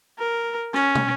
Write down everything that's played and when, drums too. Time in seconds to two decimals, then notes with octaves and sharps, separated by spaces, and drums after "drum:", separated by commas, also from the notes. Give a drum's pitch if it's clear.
0.19 A#4
0.74 C#4, drum: rim click
0.95 drum: tom